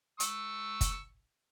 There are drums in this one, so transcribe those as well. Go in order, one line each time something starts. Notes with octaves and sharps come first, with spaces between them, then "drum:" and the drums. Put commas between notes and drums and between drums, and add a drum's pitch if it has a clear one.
C#6 E6, drum: hi-hat
drum: kick, hi-hat